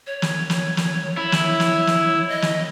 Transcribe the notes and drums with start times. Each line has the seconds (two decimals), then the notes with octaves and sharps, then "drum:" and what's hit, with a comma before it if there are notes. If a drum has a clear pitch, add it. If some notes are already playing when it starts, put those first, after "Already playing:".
0.07 C#5
0.22 drum: snare
0.50 drum: snare
0.77 drum: snare
1.17 E4
1.32 drum: snare
1.60 drum: snare
1.87 drum: snare
2.29 D#5
2.42 drum: snare